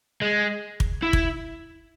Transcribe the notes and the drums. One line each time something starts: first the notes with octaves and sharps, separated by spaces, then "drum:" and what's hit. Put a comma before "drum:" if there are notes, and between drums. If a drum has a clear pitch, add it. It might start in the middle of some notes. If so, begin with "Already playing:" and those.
G#3
drum: kick
E4
drum: kick